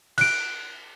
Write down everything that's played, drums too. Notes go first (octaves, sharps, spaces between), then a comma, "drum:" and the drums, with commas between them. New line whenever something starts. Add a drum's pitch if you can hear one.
F#6 D7, drum: cymbal